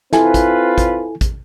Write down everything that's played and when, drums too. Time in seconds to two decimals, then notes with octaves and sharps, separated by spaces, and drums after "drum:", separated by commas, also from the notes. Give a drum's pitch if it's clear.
0.13 C4 E4 F4 A4 B4 G#5, drum: snare
0.34 drum: kick, hi-hat
0.78 drum: kick, hi-hat
1.21 drum: kick, hi-hat